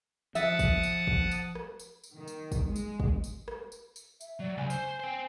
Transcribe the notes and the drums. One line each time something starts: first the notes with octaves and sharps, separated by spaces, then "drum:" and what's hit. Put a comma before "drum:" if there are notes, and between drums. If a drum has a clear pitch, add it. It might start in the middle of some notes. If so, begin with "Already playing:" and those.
F3 E5 F#5 A5 D#6, drum: tambourine
drum: kick, tambourine
drum: tambourine
drum: kick
drum: tambourine
drum: rim click
drum: tambourine
drum: tambourine
D#3
drum: tambourine
drum: kick, tambourine
G#3
drum: tambourine
drum: kick
drum: tambourine
drum: rim click
drum: tambourine
drum: tambourine
E5, drum: tambourine
F#3 D5
C#2 G#5
C5, drum: tambourine
C5 G5